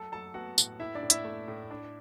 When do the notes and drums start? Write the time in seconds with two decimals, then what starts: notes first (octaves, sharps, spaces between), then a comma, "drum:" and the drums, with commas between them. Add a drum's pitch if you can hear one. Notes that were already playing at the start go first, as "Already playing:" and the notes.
Already playing: F#3 A4 A5
0.12 F#3 A4 A5
0.34 B3 F#4 F#5
0.58 A2, drum: tambourine
0.79 A2 E4 E5
0.95 D4 D5
1.03 A2
1.10 E4 E5, drum: hi-hat
1.25 A3
1.48 A2
1.71 D4